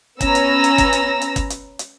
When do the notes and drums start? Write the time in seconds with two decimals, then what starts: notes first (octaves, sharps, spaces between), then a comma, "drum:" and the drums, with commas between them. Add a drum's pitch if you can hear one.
0.21 B3 C#4 A#5 E6 A#6, drum: kick, hi-hat
0.35 drum: hi-hat
0.64 drum: hi-hat
0.78 drum: kick, hi-hat
0.93 drum: hi-hat
1.21 drum: hi-hat
1.36 drum: kick, hi-hat
1.50 drum: hi-hat
1.79 drum: hi-hat